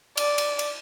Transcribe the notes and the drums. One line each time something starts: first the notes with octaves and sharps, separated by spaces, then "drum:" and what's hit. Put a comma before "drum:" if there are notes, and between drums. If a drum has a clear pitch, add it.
D5, drum: cymbal
drum: cymbal
drum: cymbal